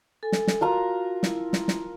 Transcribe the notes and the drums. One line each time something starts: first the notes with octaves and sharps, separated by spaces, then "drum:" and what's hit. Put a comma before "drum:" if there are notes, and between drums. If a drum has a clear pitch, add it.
A4 G#5
drum: snare
drum: snare
F4 F#4 A#4 A#5
E4, drum: snare
drum: snare
drum: snare